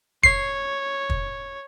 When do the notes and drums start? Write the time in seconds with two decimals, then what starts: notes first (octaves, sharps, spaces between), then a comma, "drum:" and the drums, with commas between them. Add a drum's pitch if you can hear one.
0.23 C#5 C7, drum: kick
1.10 drum: kick